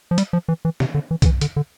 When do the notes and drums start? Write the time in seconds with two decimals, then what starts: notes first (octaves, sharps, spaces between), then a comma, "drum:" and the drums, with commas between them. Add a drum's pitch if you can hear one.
0.11 F3
0.18 G3, drum: hi-hat
0.33 F3
0.48 E3
0.65 E3
0.80 C3, drum: snare
0.94 D3
1.11 E3
1.22 D3, drum: kick B1, hi-hat
1.25 E3
1.41 D3, drum: hi-hat
1.56 D3